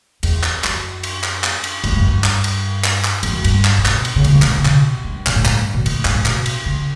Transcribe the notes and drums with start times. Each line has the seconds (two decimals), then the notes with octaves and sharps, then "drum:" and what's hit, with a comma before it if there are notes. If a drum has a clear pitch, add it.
0.23 E2, drum: cymbal
0.43 drum: clap
0.64 F#2, drum: clap
1.03 drum: cymbal
1.24 drum: clap
1.44 drum: clap
1.64 drum: cymbal
1.84 A2, drum: cymbal
1.92 G2
2.00 F#2
2.08 G2
2.24 drum: clap
2.44 drum: cymbal
2.84 drum: clap
3.04 drum: clap
3.23 E2, drum: cymbal
3.33 F#2
3.44 G2, drum: cymbal
3.65 drum: clap
3.78 A2
3.85 B2, drum: clap
4.05 drum: cymbal
4.16 C#3
4.24 B2, drum: cymbal
4.34 F#3
4.42 E3, drum: clap
4.50 D3
4.57 C#3
4.65 B2, drum: clap
5.05 G2
5.26 B2, drum: clap
5.36 A2
5.45 G2, drum: clap
5.74 B2
5.86 A2, drum: cymbal
6.05 G2, drum: clap
6.15 A2
6.26 B2, drum: clap
6.46 drum: cymbal
6.66 C#3